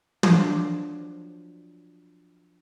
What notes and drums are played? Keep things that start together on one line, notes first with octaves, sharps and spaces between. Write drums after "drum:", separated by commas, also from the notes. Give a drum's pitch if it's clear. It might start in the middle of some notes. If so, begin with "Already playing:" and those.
F3 F#3 D4 C5, drum: tom